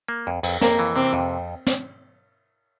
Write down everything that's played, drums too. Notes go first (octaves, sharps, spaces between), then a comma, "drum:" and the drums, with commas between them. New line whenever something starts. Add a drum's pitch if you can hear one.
A#3
F2
F2, drum: cymbal
F2 A#3, drum: snare
E3
C3 C4
F2
drum: snare